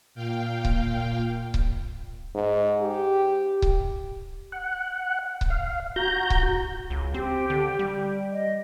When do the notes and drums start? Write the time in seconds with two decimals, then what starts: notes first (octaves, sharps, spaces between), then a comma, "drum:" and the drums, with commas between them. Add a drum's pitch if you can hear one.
0.15 A#2 F5 G5
0.65 drum: kick C#1
1.54 drum: kick C#1
2.35 G#2
2.82 G4
3.62 drum: kick C#1
4.52 F#5
5.41 drum: kick C#1
5.50 F5
5.96 F#4 A#5 G6
6.30 drum: kick C#1
6.90 C#2
7.14 C4 G4
7.50 D3
7.79 G3
8.32 D#5